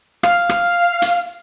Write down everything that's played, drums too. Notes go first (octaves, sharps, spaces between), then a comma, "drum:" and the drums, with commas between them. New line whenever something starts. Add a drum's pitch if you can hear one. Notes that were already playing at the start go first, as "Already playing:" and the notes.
F5, drum: rim click
drum: rim click
drum: hi-hat